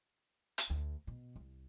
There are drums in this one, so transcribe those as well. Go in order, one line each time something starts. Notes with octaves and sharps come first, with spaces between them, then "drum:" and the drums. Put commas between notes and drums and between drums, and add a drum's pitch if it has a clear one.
drum: hi-hat
D2
B2
C2